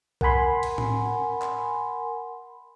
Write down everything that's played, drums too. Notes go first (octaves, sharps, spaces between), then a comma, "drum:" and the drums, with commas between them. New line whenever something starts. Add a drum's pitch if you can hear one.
A#4 F#5 G#5 B5 C6, drum: kick
drum: cymbal
drum: tom A2
drum: clap